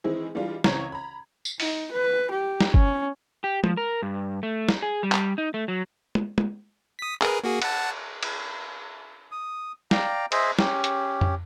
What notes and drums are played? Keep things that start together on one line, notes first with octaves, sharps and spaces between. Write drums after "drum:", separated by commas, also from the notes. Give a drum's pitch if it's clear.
D#3 E3 G#3 C4 E4 G#4
E3 G3 G#3 D4 F4
C#2 E3 C4 C#5 A#5 G#6, drum: snare
A#5 B5
drum: tambourine
D#4, drum: open hi-hat
B4
G4
drum: snare
C#4, drum: kick G1
G4
F3, drum: tom
A#4
G2
A3
drum: snare
G#4
G3
drum: clap
D#4
A3
F#3
drum: tom
drum: tom
D#6 B6
G#4 A#4 B4, drum: clap
A#3 F#4 G#4
F#5 A5, drum: cymbal
drum: cymbal
D#6
D5 F5 G5 A#5, drum: snare
G#4 C5 D#5 E5, drum: cymbal
C#4 G4, drum: snare
drum: hi-hat
drum: tom F2